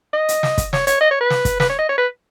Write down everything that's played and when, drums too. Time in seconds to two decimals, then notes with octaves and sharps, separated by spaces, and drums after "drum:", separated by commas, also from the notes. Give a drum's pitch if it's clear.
0.13 D#5
0.29 drum: hi-hat
0.43 drum: snare
0.58 drum: kick, hi-hat
0.73 C#5, drum: snare
0.87 C#5, drum: hi-hat
1.01 D#5
1.11 C#5
1.21 B4
1.30 drum: snare
1.45 drum: kick, hi-hat
1.60 B4, drum: snare
1.69 C#5
1.78 D#5
1.89 C#5
1.98 B4